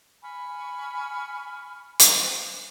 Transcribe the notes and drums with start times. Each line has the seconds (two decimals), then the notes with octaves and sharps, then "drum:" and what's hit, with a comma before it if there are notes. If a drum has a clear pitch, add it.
0.22 G#5 B5 C#6 F6
2.00 drum: hi-hat